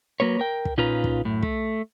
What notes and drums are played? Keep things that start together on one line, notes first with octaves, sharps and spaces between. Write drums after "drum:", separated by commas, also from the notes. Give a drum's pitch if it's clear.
F#3 A#3 B4 C#5
A#4 G5
drum: kick
A#2 C#4 D#4 F4 B4 A#5
drum: kick
F#2 A2
A3, drum: kick